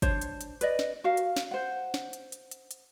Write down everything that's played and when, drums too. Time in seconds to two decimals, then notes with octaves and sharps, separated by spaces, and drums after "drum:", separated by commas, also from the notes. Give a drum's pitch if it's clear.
0.02 D4 C5 C#5, drum: kick, hi-hat
0.21 drum: hi-hat
0.41 drum: hi-hat
0.61 B4 D5 D#5, drum: hi-hat
0.79 drum: snare
1.04 F#4 A#4 F5
1.17 drum: hi-hat
1.36 drum: snare
1.51 C5 F#5
1.94 drum: snare
2.13 drum: hi-hat
2.32 drum: hi-hat
2.51 drum: hi-hat
2.71 drum: hi-hat